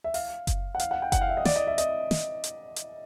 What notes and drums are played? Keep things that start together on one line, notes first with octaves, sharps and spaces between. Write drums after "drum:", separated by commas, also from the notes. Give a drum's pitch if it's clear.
E5
F5, drum: open hi-hat
drum: kick F#1, hi-hat
F#5
F5, drum: hi-hat
F#5
G5
F#5, drum: kick F#1, hi-hat
F5
E5
D#5
D5, drum: snare
D#5
E5
D#5, drum: hi-hat
drum: snare
drum: hi-hat
drum: hi-hat